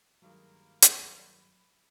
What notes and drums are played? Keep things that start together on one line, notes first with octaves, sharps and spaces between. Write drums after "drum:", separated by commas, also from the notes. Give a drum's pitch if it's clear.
G2 D#3 F#3 G#3 A#3 B5
drum: hi-hat